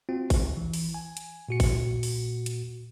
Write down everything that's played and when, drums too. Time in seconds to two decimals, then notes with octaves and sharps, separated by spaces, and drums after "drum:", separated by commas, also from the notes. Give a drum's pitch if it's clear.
0.09 C4 F4 F#4
0.30 drum: kick A1, open hi-hat
0.40 D2
0.57 E3
0.73 drum: open hi-hat
0.94 G#5
1.17 drum: hi-hat
1.49 A#2 F#4 C#7
1.60 drum: kick A1, open hi-hat
2.03 drum: open hi-hat
2.46 drum: hi-hat